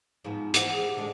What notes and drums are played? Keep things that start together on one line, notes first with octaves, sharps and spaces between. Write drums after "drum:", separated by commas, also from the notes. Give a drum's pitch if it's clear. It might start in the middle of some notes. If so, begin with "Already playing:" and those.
G#2 F3 B3
E3 C5 F#5 D6, drum: hi-hat
G#4 F#5
G4
D3 G#3 D4